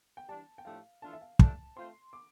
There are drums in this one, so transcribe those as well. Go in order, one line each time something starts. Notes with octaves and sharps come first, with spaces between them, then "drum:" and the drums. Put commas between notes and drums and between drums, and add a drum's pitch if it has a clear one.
G5
E3 G3 D4 A5
G5
A2 F3 A3 D4 G4 F5
E3 A3 D4 F4 A4 A5
E5
F5
G2 F3 A3 D4 A5, drum: kick
A3 C4 F4 C5 C6
D6